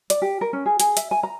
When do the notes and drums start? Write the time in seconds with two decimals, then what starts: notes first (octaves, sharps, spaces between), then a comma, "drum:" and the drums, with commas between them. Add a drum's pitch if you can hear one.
0.10 D5, drum: hi-hat
0.22 G4
0.41 A#4
0.53 C#4
0.66 G#4
0.80 G#4, drum: hi-hat
0.97 E5, drum: hi-hat
1.11 G#5
1.23 A#5